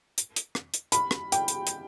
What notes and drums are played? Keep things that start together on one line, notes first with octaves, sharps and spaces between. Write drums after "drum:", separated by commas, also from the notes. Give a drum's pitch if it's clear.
drum: hi-hat
drum: hi-hat
drum: rim click
drum: hi-hat
B5, drum: hi-hat
drum: rim click
G5, drum: hi-hat
drum: hi-hat
drum: hi-hat